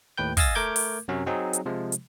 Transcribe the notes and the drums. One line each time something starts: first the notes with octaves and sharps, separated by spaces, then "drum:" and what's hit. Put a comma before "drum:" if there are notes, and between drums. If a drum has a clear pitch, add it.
D#2 A2 B4 G5 G6
D#5 F5 G#5 E6 A6 A#6, drum: kick, open hi-hat
A3 A#4 D6 G6 G#6
drum: open hi-hat
F#2 C3 F#3 C#4
F#3 C4 D#4 G#4
drum: hi-hat
C3 F3 G#3
drum: hi-hat